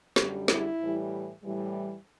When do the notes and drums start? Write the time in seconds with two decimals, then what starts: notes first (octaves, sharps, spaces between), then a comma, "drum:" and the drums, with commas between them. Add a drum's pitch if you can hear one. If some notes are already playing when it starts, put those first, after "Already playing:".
0.16 F#2 D3 G3, drum: snare
0.48 E4, drum: snare
0.80 A2 E3 G3
1.43 A2 E3 G3